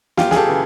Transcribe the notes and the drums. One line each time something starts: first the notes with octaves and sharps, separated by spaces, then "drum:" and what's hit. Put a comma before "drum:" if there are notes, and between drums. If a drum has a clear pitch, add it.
F#2 F4 G4, drum: snare
G#4, drum: snare
G4 A4
C#3 E3